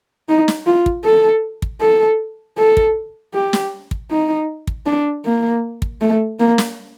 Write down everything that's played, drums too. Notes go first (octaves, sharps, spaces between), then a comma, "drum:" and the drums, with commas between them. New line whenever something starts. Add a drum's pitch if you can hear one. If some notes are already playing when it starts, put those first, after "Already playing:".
D#4
drum: snare
F4
drum: kick
A4
drum: kick
A4
A4
drum: kick
G4
drum: snare
drum: kick
D#4
drum: kick
D4
A#3
drum: kick
A3
A#3
drum: snare